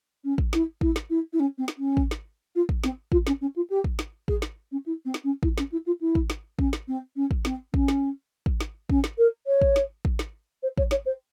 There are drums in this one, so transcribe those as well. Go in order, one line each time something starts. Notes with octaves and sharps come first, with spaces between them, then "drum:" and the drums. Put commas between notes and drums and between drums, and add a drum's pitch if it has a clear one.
C#4
drum: kick
E4, drum: snare
E4, drum: kick
drum: snare
E4
E4
C#4
C4
drum: snare
C#4
drum: kick
drum: snare
F4
drum: kick
C4, drum: snare
F4, drum: kick
C#4, drum: snare
C#4
F4
G4
drum: kick
drum: snare
G#4, drum: kick
drum: snare
C#4
E4
C4
drum: snare
C#4
E4, drum: kick
C#4, drum: snare
E4
F4
E4
drum: kick
drum: snare
C#4, drum: kick
drum: snare
C4
C#4
drum: kick
C4, drum: snare
C#4, drum: kick
drum: snare
drum: kick
drum: snare
C#4, drum: kick
drum: snare
A#4
C#5
drum: kick
drum: snare
drum: kick
drum: snare
C5
C#5, drum: kick
C#5, drum: snare
C5